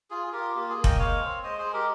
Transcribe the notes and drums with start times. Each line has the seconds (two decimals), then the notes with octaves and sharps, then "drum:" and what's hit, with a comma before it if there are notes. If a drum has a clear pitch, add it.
0.10 F4 G#4
0.27 G#4
0.33 F4 G4 A#4
0.55 A#3 G4
0.70 G#4
0.77 A#3
0.84 D#5 G5, drum: kick F1
0.99 G#3 C#5 F5
1.22 C4
1.44 G#3 C5 D#5
1.58 G#4 C5
1.65 G#3
1.73 G4 A#4